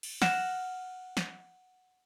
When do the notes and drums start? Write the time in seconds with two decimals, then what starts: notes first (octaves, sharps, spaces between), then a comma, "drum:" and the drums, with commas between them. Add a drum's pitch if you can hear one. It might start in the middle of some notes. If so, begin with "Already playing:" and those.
0.03 drum: cymbal
0.22 F#5 F6 A#6 E7, drum: snare
1.17 drum: snare